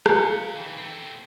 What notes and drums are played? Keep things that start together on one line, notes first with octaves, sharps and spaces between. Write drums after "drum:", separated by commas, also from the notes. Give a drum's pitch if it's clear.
F5 G#5, drum: rim click
D#3 E3
A3 C4